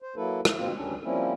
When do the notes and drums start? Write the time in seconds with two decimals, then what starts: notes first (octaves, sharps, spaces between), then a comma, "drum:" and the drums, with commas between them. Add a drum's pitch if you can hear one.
0.02 C5
0.16 F#3 A#3 E4 A4 B4
0.45 F3 A3, drum: rim click
0.58 G#2 B2 A#3 C4 F4
0.76 D2 G3 C#4 D4
1.04 F3 G3 A#3 C4 C#4 E4